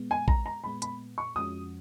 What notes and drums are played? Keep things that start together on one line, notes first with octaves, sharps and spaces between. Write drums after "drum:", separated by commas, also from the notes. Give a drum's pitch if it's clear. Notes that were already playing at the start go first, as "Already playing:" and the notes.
Already playing: A#2 G#3 B3
G#5
A#5, drum: kick
A#5
A#2 G#3 B3 B5
B5, drum: hi-hat
C#6
F2 F3 G#3 C#4 F#4 D#6